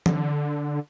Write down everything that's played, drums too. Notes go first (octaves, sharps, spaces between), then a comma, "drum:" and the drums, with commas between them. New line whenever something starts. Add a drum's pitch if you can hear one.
D3, drum: tom